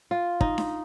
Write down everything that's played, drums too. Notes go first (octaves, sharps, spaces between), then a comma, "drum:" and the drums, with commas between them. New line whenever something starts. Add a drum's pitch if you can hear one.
F4
D#4, drum: kick
drum: snare D4